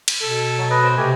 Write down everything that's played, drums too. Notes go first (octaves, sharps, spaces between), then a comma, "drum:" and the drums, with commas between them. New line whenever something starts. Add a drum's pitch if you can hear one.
drum: cymbal
B2 A4
F#3
B4 D#5
C4
C3 A3 G4 G#5